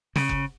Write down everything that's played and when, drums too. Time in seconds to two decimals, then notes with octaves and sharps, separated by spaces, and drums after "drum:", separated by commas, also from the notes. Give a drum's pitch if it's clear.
0.16 C#3, drum: snare
0.29 drum: kick F#1